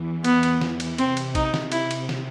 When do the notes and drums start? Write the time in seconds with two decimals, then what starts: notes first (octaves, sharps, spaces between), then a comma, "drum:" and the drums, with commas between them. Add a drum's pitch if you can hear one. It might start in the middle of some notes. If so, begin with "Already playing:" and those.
Already playing: E2 E3
0.24 B3, drum: cymbal
0.43 drum: cymbal
0.61 drum: snare
0.80 drum: cymbal
0.98 C3 C4, drum: cymbal
1.17 drum: cymbal
1.35 D#4, drum: kick A1, cymbal
1.54 drum: snare
1.72 E4, drum: cymbal
1.91 drum: cymbal
2.09 drum: snare